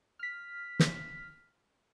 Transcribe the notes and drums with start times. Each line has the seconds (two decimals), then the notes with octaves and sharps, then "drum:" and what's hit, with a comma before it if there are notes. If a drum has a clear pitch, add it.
0.19 F6 B6
0.79 drum: snare